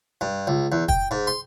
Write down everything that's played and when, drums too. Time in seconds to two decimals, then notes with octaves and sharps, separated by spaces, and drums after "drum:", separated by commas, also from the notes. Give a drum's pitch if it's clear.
0.21 G2
0.47 C#2
0.72 E2
0.88 G5, drum: kick
1.11 G#2
1.27 C6